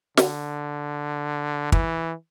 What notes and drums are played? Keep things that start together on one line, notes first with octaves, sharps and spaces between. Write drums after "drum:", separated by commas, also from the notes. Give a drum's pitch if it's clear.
D3, drum: snare
E3, drum: kick